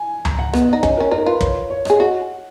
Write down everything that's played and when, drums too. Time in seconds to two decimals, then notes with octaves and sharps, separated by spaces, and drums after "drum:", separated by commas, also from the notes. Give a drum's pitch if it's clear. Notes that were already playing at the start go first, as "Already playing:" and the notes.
Already playing: G#5
0.25 A#5, drum: tom C#2
0.39 F#5
0.53 B3 D#5, drum: rim click
0.68 D#4 D#5
0.83 C#4, drum: kick
0.97 C#4 A#4
1.11 D#4 A#4
1.26 F4 B4
1.41 C#5, drum: kick
1.70 C#5
1.85 G#4 D#5, drum: rim click
1.99 F#4 F#5